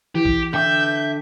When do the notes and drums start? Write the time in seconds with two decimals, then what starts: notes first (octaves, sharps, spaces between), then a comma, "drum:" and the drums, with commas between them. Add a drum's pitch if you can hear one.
0.15 E3 G4
0.25 drum: kick B1
0.54 D3 E5 G5 D6 G6